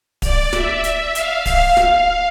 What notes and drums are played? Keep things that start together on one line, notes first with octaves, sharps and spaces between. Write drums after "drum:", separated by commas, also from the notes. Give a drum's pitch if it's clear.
D5, drum: kick D1, open hi-hat
E5, drum: snare
drum: hi-hat
F5, drum: hi-hat
drum: kick D1, open hi-hat
drum: snare